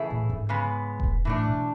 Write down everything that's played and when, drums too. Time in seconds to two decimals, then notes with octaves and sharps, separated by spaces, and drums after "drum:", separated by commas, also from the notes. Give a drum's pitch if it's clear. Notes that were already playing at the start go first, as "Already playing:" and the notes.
Already playing: C#3 E3 A3 E4 G#4
0.10 A2
0.30 G#2
0.49 C#3 G#3 B3
1.00 drum: kick E1
1.25 A2 E3 A3 D4
1.44 B2